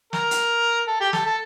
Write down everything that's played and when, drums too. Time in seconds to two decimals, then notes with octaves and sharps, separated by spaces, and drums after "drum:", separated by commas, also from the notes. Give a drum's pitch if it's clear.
0.13 A#4, drum: snare
0.31 drum: hi-hat
0.88 A4
1.00 G4
1.13 A4, drum: snare
1.26 A4